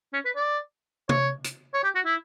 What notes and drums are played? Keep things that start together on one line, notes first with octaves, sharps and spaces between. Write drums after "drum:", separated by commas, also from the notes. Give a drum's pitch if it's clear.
C#4
B4
D5
C#5, drum: tom
drum: hi-hat
C#5
G4
F#4
E4